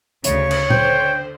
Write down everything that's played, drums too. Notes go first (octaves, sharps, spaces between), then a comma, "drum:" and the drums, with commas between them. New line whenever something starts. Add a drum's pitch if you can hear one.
D2 C#3 C#5, drum: hi-hat
drum: cymbal
D3 C5 G5, drum: tom A#2